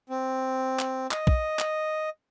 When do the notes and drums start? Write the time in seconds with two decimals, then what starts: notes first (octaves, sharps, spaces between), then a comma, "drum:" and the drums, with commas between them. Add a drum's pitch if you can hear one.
0.10 C4
0.79 drum: clap
1.11 D#5, drum: clap
1.27 drum: kick
1.59 drum: clap